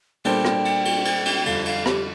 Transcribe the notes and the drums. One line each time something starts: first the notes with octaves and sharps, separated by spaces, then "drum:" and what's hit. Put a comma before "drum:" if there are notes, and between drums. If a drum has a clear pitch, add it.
A#2 G3 D4 A4 C5 G5, drum: cymbal
drum: rim click
drum: cymbal
drum: cymbal
drum: cymbal
drum: cymbal
G5
F2 D3 G3 F5, drum: cymbal
F5, drum: cymbal
G4, drum: rim click